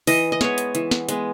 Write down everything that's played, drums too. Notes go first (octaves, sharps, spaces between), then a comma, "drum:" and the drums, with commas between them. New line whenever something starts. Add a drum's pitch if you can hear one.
E3 D#5, drum: open hi-hat
D#5
G#3 B3 C#5, drum: snare
drum: hi-hat
E3, drum: hi-hat
drum: snare
G#3 B3, drum: hi-hat